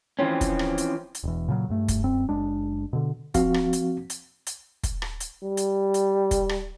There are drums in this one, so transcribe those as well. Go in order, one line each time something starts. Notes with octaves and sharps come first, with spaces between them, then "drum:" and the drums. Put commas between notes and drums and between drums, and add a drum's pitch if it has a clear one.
E3 F3 C4 C#4
drum: kick, hi-hat
drum: rim click
drum: hi-hat
drum: hi-hat
E1 E2
A#2 C#3 F#3
G2 A3
drum: kick, hi-hat
F#2 C4
F#1 G#3 D4
B2 D3
F3 C4 F#4 F5, drum: kick, hi-hat
drum: rim click
drum: hi-hat
drum: hi-hat
drum: hi-hat
drum: kick, hi-hat
drum: rim click
drum: hi-hat
G3
drum: hi-hat
drum: hi-hat
drum: kick, hi-hat
drum: rim click